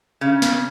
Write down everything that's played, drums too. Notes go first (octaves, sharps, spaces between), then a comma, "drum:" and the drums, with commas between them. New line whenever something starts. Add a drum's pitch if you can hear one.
C#3
drum: snare